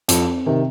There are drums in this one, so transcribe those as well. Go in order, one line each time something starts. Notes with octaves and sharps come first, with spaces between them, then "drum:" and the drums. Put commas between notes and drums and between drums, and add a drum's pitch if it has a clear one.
F2 C4, drum: hi-hat
C3 D#3